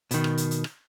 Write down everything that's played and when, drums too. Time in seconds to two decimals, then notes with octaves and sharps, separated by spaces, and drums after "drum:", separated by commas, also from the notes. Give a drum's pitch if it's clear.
0.11 B2 D#3, drum: hi-hat
0.24 drum: rim click
0.37 drum: hi-hat
0.51 drum: hi-hat
0.64 drum: rim click